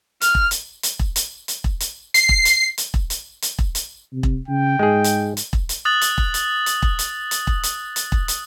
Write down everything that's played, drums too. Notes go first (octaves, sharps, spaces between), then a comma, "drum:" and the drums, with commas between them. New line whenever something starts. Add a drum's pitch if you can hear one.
F6, drum: hi-hat
drum: kick E1
drum: hi-hat
drum: hi-hat
drum: kick E1
drum: hi-hat
drum: hi-hat
drum: kick E1
drum: hi-hat
C7, drum: hi-hat
drum: kick E1
drum: hi-hat
drum: hi-hat
drum: kick E1
drum: hi-hat
drum: hi-hat
drum: kick E1
drum: hi-hat
C3
drum: kick E1
C#3 G5
G#2 G#3 G#4
drum: hi-hat
drum: hi-hat
drum: kick E1
drum: hi-hat
D#6 F#6 A6 F#7
drum: hi-hat
drum: kick E1
drum: hi-hat
drum: hi-hat
drum: kick E1
drum: hi-hat
drum: hi-hat
drum: kick E1
drum: hi-hat
drum: hi-hat
drum: kick E1
drum: hi-hat